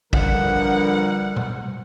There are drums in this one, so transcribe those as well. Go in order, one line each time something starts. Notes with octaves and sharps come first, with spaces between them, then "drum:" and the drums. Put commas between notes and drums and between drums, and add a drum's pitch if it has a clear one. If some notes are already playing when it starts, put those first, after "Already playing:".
D3 E3 F3 G3 A#4 F#5, drum: kick A1
drum: tom A#2